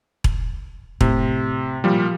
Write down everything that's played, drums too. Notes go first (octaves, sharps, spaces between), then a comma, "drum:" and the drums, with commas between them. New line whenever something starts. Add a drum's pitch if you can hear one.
drum: kick E1
A2 C3, drum: kick E1
A#2 F3 G3